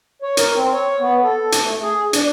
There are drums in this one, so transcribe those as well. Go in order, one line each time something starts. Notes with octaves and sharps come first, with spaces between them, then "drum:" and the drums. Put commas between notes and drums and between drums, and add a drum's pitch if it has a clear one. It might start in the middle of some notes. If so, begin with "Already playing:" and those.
C#5
A#4, drum: hi-hat
C4
C#5
B3
A4
drum: hi-hat
A3
G#4
D4, drum: hi-hat